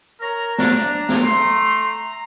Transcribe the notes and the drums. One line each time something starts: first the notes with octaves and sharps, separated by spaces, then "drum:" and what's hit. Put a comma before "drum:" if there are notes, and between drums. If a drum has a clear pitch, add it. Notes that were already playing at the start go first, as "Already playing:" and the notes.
A#4 C#5 A#5
D4 A#5, drum: snare
drum: snare
A3 C6